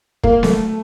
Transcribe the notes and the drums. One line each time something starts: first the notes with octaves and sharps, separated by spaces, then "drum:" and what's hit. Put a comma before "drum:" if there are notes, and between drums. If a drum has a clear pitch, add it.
A#3, drum: kick
A3, drum: snare B3